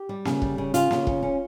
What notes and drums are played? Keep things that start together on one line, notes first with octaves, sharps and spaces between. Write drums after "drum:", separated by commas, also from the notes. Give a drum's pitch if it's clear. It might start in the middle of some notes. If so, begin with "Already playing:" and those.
Already playing: G4
G3
C#3, drum: snare A#3
G3, drum: kick
C#3
C#3 F4, drum: hi-hat
C#3, drum: snare A#3
C#4, drum: kick
C#4